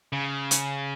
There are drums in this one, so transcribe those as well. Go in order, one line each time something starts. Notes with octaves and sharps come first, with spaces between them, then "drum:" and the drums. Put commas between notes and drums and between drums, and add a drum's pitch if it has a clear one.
C#3
drum: hi-hat